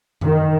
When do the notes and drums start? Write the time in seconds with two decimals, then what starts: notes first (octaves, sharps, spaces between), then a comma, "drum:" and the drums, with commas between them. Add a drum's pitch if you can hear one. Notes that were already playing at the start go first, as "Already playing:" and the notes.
0.21 D#3, drum: tom F#2